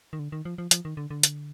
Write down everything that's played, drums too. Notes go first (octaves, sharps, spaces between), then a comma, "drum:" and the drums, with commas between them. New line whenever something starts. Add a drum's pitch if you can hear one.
D#3
D3
D#3
F3
F3
F3, drum: hi-hat
D#3
D3
D3
drum: hi-hat